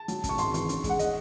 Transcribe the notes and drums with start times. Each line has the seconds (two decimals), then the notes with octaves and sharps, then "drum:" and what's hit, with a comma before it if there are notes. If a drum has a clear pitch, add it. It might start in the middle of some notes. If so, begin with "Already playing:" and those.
Already playing: A5
0.08 F#3, drum: hi-hat
0.24 C#3, drum: kick, hi-hat
0.29 C#6
0.38 G#1 C6, drum: hi-hat
0.54 E3 C#6, drum: hi-hat
0.69 C#4, drum: hi-hat
0.84 G#3, drum: kick, hi-hat
0.89 F#5
0.99 D#5, drum: hi-hat